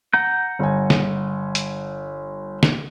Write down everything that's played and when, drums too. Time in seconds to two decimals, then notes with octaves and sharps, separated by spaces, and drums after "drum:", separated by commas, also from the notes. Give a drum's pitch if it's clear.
0.13 F#5 A#5 G6
0.59 G1 G#5
0.90 drum: snare
1.55 drum: hi-hat
2.63 drum: snare